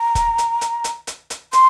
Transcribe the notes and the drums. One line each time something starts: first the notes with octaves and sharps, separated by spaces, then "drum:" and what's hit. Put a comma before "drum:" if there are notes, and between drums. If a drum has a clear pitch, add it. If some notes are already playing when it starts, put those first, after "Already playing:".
Already playing: A#5
drum: kick, hi-hat
drum: hi-hat
drum: hi-hat
drum: hi-hat
drum: hi-hat
drum: hi-hat
C6, drum: hi-hat